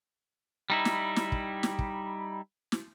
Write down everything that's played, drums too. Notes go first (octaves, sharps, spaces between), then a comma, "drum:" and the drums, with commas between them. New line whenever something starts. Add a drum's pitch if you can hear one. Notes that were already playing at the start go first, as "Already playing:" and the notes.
G3 D#4 E4
drum: snare
drum: snare
drum: kick
drum: snare
drum: kick
drum: snare